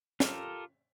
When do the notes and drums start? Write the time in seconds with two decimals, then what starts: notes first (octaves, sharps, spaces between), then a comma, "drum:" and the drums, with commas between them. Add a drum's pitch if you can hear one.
0.20 F4 G4 A4 A#4, drum: snare